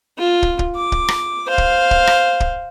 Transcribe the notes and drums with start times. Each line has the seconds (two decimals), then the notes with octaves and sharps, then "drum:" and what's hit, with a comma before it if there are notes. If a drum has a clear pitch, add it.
0.17 F4
0.43 drum: kick
0.59 drum: kick
0.75 D6
0.92 drum: kick
1.08 drum: rim click
1.48 C5 F5
1.58 drum: kick
1.91 drum: kick
2.07 drum: rim click
2.40 drum: kick